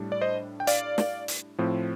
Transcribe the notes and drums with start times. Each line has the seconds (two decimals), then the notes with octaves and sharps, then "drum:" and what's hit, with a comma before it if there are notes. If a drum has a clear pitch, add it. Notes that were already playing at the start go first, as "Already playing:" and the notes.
Already playing: A2 G3 D4
0.12 D5
0.21 C5 D#5
0.60 G5
0.67 D5 F5, drum: hi-hat
0.98 drum: snare
1.28 drum: hi-hat
1.59 A2 F3 C4